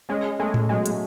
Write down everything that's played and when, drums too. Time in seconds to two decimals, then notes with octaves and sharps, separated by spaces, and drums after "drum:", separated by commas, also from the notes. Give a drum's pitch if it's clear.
0.09 G#3 C#4
0.39 G#3 A3
0.54 drum: tom A2
0.69 F#3 G#3
0.86 drum: hi-hat